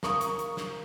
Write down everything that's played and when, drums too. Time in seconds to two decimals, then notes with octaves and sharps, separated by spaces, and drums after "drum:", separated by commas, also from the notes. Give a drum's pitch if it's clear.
0.03 A#4 F5 A#5 C#6 D#6, drum: snare
0.21 drum: hi-hat
0.39 drum: hi-hat
0.57 drum: snare